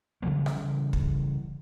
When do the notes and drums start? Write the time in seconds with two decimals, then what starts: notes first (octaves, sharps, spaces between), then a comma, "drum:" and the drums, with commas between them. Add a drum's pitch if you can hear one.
0.22 C#3 E3 G3 A#3
0.46 drum: rim click
0.93 drum: kick